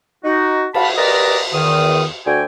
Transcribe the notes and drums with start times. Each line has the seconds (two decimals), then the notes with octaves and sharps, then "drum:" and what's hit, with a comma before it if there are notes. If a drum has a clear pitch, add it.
0.25 D#4 F#4
0.74 F#4 F5 A5 B5, drum: cymbal
0.97 G4 A#4 B4 D5 D#5
1.53 E2 D#3 D#6
2.26 D2 D3 F#4 G5 G#5